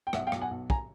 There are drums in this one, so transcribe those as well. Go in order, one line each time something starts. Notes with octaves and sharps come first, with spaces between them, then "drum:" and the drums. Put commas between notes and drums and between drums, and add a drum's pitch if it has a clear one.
G5
B1 E5 F#5, drum: rim click
F5 G5
B1, drum: rim click
F#5 G#5
B1
G#5 A#5, drum: kick